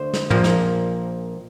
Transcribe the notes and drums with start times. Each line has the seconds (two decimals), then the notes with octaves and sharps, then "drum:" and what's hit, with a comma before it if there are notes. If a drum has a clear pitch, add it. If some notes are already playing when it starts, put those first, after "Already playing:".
Already playing: D2 D3 C5
0.13 drum: snare
0.30 A#1 A#2 F3 A#3, drum: tom
0.44 drum: snare